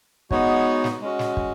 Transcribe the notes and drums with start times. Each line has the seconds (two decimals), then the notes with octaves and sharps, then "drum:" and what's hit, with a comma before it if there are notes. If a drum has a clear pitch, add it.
0.31 G#3 B3 D#4 F#4 C#5, drum: kick
0.84 drum: snare
1.01 G#3 C#4 F#4
1.19 drum: snare
1.37 drum: kick